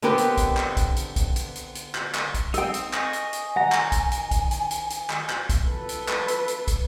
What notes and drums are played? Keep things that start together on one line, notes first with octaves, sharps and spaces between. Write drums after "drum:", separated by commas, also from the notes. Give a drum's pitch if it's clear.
D3 B3 C4 G4 A#4 B4
drum: hi-hat
drum: kick, hi-hat
drum: clap
drum: kick, hi-hat
drum: hi-hat
drum: kick, hi-hat
drum: hi-hat
drum: hi-hat
drum: hi-hat
drum: clap
drum: clap
drum: kick, hi-hat
C4 D#4 A4 G5, drum: hi-hat
drum: hi-hat
D#5 G#5 C#6, drum: clap
drum: hi-hat
drum: hi-hat
D#3 F#5 A#5
drum: clap
drum: kick, hi-hat
drum: hi-hat
drum: kick, hi-hat
drum: hi-hat
drum: hi-hat
drum: hi-hat
drum: clap
drum: clap
drum: kick, hi-hat
A4 B4
drum: hi-hat
drum: clap
drum: hi-hat
drum: hi-hat
drum: kick, hi-hat